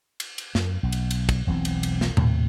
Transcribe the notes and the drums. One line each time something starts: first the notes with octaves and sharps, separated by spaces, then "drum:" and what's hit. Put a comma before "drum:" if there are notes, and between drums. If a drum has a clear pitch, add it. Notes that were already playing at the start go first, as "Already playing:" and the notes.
drum: cymbal
drum: cymbal
F#2, drum: snare
B1
drum: cymbal
drum: cymbal
drum: kick, cymbal
E1 B1 E3 C4
drum: cymbal
drum: cymbal
drum: snare
D#2 A2 C3, drum: tom A#2